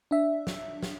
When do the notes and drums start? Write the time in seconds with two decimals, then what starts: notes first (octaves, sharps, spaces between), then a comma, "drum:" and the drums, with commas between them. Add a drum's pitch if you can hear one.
0.11 D4 E5
0.47 drum: snare
0.83 drum: snare